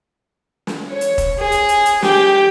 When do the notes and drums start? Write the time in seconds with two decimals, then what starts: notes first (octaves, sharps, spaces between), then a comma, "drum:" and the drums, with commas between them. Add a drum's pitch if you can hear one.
0.67 drum: snare
0.90 C#5
1.01 drum: hi-hat
1.18 drum: kick E1, hi-hat
1.39 G#4
1.52 drum: hi-hat
1.69 drum: hi-hat
1.86 drum: hi-hat
2.02 G4 G5, drum: snare